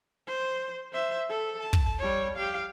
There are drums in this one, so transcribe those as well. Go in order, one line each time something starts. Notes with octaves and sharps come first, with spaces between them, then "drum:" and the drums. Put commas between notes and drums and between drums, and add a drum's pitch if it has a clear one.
C5
C5 E5
A4
A5
drum: kick
G3 C#5
G4 F5